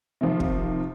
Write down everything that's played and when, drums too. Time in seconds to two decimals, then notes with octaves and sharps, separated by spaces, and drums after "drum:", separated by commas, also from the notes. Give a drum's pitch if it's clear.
0.21 C3 D#3 F3
0.40 drum: kick